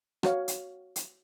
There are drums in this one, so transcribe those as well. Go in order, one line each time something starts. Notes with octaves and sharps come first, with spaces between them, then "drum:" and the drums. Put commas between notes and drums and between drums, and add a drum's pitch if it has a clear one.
F#4 C#5 F5, drum: rim click
drum: hi-hat
drum: hi-hat